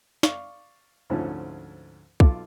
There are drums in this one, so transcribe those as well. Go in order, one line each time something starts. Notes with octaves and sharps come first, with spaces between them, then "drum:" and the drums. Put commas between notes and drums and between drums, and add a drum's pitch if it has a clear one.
D5 F5 C#6, drum: snare
D2 G#2 F3 A3 C#4
B1 F4 A4 D6, drum: kick